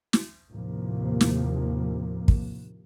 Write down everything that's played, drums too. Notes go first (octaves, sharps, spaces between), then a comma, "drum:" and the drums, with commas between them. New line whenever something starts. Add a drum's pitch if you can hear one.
drum: snare
D#2 A2 C3 F3 A#3
drum: snare
drum: kick